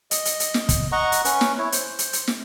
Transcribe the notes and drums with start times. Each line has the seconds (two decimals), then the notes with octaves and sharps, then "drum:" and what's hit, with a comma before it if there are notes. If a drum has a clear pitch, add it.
0.11 D#5, drum: hi-hat
0.25 drum: hi-hat
0.40 drum: hi-hat
0.54 drum: snare
0.69 drum: kick, hi-hat
0.92 D#5 F#5 A#5 C#6
1.12 drum: hi-hat
1.25 C#4 B4 C#6, drum: hi-hat
1.41 drum: snare
1.58 E4 C#5
1.72 C5, drum: hi-hat
1.99 drum: hi-hat
2.13 drum: hi-hat
2.27 drum: snare